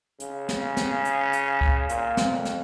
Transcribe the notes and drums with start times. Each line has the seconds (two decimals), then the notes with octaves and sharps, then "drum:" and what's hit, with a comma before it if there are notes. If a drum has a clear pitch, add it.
0.20 C#3, drum: hi-hat
0.49 drum: snare
0.77 drum: snare
1.05 drum: hi-hat
1.33 drum: hi-hat
1.61 drum: kick C#2
1.89 A#2, drum: hi-hat
2.17 drum: snare
2.31 F2
2.45 drum: snare